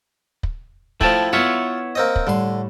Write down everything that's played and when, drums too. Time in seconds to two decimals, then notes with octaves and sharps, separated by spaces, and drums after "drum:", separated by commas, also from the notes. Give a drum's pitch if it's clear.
0.43 drum: kick
1.01 F3 A3 E4 G5 A5, drum: kick
1.33 B3 E4 F4 C#5 E5 F#5
1.95 A#3 C4 D#5
2.16 drum: kick
2.27 A2 D3 G3 C6